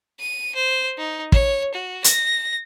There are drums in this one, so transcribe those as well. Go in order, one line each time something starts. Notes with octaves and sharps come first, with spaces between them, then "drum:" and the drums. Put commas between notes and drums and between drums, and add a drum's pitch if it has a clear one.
D#7
C5
D#4
C#5, drum: kick
F#4
A#6, drum: hi-hat